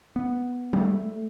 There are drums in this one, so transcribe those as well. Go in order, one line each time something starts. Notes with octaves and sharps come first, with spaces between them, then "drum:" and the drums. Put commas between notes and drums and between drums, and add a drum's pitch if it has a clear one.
B3
G3, drum: tom G#3
A3